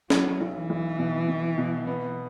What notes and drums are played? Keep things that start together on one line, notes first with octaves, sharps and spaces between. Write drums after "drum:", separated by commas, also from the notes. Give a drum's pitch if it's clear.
F#3 E4, drum: snare
B1
E3
B1
B2
B2
B2
B3